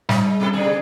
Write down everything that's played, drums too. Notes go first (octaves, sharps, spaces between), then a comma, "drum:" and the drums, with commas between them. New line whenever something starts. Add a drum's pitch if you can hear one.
G3 D#4, drum: snare
G#3
B2 E4 A4
B2 D3 G#4